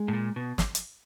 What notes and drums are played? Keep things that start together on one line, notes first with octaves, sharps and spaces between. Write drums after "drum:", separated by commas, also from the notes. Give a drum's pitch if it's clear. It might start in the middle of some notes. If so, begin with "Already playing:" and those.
Already playing: G#3
A2
A#2
B2
drum: snare
drum: hi-hat